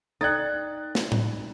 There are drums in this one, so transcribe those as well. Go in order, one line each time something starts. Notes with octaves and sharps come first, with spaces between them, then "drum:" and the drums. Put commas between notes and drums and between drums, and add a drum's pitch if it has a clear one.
D#4 A4 D5 G5 F#6 A6
drum: snare
drum: tom A2